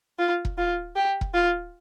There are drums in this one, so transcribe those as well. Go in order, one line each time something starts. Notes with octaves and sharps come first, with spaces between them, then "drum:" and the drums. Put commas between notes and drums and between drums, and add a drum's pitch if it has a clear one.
F4
drum: kick E1
F4
G4
drum: kick E1
F4